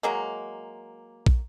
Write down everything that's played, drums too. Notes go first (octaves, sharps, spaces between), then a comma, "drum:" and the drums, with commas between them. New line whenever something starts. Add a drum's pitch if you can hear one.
F#3 G#3 A#3
drum: kick